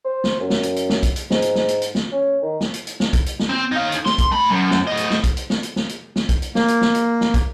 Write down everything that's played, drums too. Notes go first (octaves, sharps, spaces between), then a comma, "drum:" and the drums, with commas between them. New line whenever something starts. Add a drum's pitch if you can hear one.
C5
drum: snare
F#2
drum: snare
drum: hi-hat
drum: hi-hat
drum: snare
drum: kick, hi-hat
drum: hi-hat
G#2, drum: snare
drum: hi-hat
drum: snare
drum: hi-hat
drum: hi-hat
drum: snare
C#4
D#3
drum: snare
drum: hi-hat
drum: hi-hat
drum: snare
drum: kick, hi-hat
drum: hi-hat
drum: snare
C4
D#4 F5
drum: hi-hat
C6, drum: snare
drum: kick, hi-hat
A3 B5
F#2
drum: snare
A2 D#5
drum: hi-hat
drum: snare
drum: kick, hi-hat
drum: hi-hat
drum: snare
drum: hi-hat
drum: snare
drum: hi-hat
drum: snare
drum: kick, hi-hat
drum: hi-hat
A#3, drum: snare
drum: hi-hat
drum: snare
drum: hi-hat
drum: snare
drum: kick, hi-hat